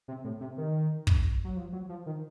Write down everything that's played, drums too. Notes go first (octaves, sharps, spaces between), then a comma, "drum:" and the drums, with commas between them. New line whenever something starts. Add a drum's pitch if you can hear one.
C3
A2
C3
D#3
drum: kick
F#3
F3
F#3
F3
D#3